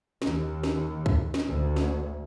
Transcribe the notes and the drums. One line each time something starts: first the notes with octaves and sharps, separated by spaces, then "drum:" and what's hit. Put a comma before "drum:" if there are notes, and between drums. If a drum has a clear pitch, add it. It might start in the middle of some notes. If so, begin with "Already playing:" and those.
D#2, drum: snare
drum: snare
drum: kick
drum: snare
D2
drum: snare